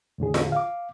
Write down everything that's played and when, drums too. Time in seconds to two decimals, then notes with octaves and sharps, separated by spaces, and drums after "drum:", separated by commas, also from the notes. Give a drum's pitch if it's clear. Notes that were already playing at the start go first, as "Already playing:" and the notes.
0.18 E2 A2 D3 G#4
0.34 drum: snare F4
0.52 F5 D6